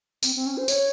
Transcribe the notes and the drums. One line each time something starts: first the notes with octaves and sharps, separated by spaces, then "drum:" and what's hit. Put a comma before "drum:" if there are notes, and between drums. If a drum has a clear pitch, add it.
C4, drum: tambourine
C4
C#4
C5
C#5, drum: tambourine